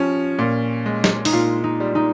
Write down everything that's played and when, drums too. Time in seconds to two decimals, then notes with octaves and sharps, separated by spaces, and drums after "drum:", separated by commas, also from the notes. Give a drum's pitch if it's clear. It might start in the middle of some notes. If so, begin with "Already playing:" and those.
Already playing: F3 C#4 G4
0.39 A#2
0.86 G#3
1.04 drum: snare
1.25 D#4, drum: open hi-hat
1.33 A#2 F4
1.64 D#4
1.80 G3
1.95 D#4